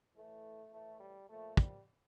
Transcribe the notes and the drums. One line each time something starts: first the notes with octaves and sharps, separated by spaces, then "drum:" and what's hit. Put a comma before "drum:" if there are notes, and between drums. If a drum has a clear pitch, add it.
A2 E3 A3
A2 E3 A3
G3
A#2 F3 A3
G3, drum: kick